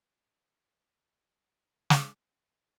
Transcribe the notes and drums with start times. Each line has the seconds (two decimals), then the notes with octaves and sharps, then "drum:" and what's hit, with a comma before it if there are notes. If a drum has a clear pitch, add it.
1.28 A3 F#5
1.90 drum: snare